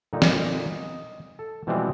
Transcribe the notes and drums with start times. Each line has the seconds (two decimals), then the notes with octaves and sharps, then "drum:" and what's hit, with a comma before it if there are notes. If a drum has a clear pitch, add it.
0.13 A#2 D3 G3 D#4
0.22 drum: snare
0.71 D#5
1.39 A4
1.67 B2 E3 F3 G3 G#3 C4